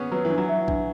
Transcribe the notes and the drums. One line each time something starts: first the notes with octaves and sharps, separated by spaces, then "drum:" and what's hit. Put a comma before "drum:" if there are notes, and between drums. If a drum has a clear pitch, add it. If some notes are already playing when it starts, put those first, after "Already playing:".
Already playing: B3 C#4 G#4
F#3 B4
E3
D4
F#3
E5
D4, drum: kick A#1